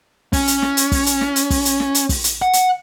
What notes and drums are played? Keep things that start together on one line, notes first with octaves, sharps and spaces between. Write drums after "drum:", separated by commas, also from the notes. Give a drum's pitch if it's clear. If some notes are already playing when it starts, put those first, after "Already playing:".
C#4, drum: kick, open hi-hat
drum: hi-hat
drum: snare
drum: hi-hat
drum: kick, open hi-hat
drum: hi-hat
drum: snare
drum: hi-hat
drum: kick, open hi-hat
drum: hi-hat
drum: snare
drum: hi-hat
drum: kick, open hi-hat
drum: hi-hat
F#5
drum: hi-hat